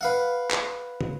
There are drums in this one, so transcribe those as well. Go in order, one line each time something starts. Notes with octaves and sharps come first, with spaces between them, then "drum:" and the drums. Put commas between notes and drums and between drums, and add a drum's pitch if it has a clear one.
B4 F5 F#5
drum: clap
drum: tom